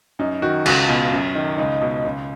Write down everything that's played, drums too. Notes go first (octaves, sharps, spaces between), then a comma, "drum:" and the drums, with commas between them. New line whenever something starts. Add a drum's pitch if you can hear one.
F#2 D#4
D#3 F#4
C#2 F#4, drum: cymbal
B2 F4
F#2
D#3
C#2 D#4
B2
C#2